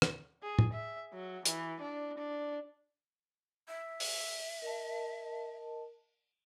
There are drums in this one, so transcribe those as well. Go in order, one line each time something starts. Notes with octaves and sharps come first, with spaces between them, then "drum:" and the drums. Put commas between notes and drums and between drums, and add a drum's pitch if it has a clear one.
drum: rim click
G#4
drum: tom A2
E5
F#3
E3, drum: hi-hat
D4
D4
E5 E6
drum: open hi-hat
A#4 D#5 A5